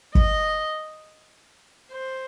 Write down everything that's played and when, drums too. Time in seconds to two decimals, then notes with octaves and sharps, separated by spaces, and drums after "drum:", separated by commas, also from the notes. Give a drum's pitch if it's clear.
0.15 D#5, drum: kick
1.92 C5